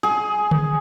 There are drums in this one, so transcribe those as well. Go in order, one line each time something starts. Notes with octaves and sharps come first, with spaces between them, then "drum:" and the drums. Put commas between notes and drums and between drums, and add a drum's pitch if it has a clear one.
G#4
drum: tom D3